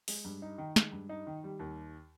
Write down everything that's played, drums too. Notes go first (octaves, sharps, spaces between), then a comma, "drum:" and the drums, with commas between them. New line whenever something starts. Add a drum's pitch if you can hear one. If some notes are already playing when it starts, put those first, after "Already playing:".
G#3, drum: open hi-hat
G2
D#4
D#3
G#3, drum: snare
G2
D#4
D#3
G3
D#2